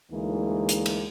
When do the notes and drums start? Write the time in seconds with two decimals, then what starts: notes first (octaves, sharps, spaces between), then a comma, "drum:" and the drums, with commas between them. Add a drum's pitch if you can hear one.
0.12 D2 E3 G#3 A#3 D#4
0.69 drum: hi-hat
0.86 drum: cymbal